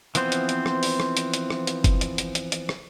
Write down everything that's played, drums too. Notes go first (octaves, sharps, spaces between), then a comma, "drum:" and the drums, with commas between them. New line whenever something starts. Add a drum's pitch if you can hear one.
E3 F3 B3 C4 C5, drum: hi-hat
drum: hi-hat
drum: hi-hat
drum: rim click
drum: open hi-hat
drum: rim click
drum: hi-hat
drum: hi-hat
drum: rim click
drum: hi-hat
drum: kick F#1, hi-hat
drum: hi-hat
drum: hi-hat
drum: hi-hat
drum: hi-hat
drum: rim click